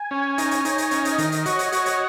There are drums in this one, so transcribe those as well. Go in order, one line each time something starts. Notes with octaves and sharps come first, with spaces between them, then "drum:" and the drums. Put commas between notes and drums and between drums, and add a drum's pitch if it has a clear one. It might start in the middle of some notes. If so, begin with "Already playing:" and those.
Already playing: G#5
C#4
D#4 C#5, drum: hi-hat
drum: hi-hat
D#4, drum: hi-hat
drum: hi-hat
C#4 D#5, drum: hi-hat
drum: hi-hat
D#3, drum: hi-hat
drum: hi-hat
F#4 C#5, drum: hi-hat
drum: hi-hat
F#4, drum: hi-hat
drum: hi-hat